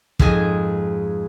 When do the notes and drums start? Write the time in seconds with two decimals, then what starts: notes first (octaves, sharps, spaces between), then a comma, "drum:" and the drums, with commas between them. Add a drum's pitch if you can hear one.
0.19 F2 G#2 G#3 G#4 G#5, drum: kick